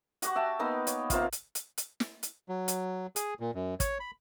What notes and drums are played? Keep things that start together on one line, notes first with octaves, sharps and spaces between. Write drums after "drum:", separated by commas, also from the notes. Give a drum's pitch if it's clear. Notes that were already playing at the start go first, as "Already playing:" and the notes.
F#4 G4 F#5 C#6, drum: hi-hat
E5 G5 A5
A#3 B3 D#4 B4
C#5, drum: hi-hat
C3 A#3 F4 F5, drum: kick, hi-hat
drum: hi-hat
drum: hi-hat
drum: hi-hat
drum: snare
drum: hi-hat
F#3
drum: hi-hat
G#4, drum: hi-hat
A#2
F#2
C#5, drum: kick, hi-hat
B5